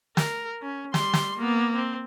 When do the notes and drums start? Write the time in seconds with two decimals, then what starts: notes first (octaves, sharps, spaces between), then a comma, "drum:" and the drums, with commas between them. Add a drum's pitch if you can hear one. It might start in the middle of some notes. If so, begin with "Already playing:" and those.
0.17 A#4, drum: snare
0.62 C#4
0.94 G3 C6, drum: snare
1.14 drum: snare
1.38 A#3 B3
1.75 C4